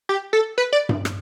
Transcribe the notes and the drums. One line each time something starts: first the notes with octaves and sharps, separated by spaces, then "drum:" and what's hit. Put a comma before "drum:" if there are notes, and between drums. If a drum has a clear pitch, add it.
G4
A4
B4
D5
drum: tom G2
drum: rim click